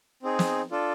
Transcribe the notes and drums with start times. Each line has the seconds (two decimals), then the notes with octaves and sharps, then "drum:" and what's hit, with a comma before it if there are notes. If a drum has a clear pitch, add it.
0.23 C4 D#4 G#4
0.39 drum: snare
0.71 D4 F4 A4